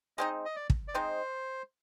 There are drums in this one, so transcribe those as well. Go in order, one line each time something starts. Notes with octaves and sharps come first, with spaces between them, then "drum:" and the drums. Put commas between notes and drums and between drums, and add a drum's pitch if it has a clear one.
G#3 C4 D#4 D#5
D#5
D5
drum: kick
D5
G#3 C4 D#4 C5